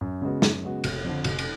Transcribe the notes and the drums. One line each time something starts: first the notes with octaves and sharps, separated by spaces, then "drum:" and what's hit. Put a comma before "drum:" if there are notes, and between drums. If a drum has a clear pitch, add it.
F#2
C#3 G#3 B3 F#4
F#2, drum: snare
C#3 G#3 B3 F#4
F1, drum: cymbal
F2 D3
F1, drum: cymbal
drum: cymbal